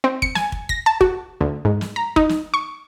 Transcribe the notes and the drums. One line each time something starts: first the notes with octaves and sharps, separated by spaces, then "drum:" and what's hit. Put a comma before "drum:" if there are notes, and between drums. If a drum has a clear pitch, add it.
C4
C#7, drum: kick
G#5, drum: snare
drum: kick
A#6, drum: kick
A5
F#4, drum: kick
D2
G#2
drum: snare
A#5
D#4, drum: kick
drum: snare
C#6